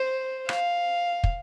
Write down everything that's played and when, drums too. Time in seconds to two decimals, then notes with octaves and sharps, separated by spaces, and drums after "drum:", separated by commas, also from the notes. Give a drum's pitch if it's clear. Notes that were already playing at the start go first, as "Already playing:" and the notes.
Already playing: C5
0.49 F5, drum: rim click
1.24 drum: kick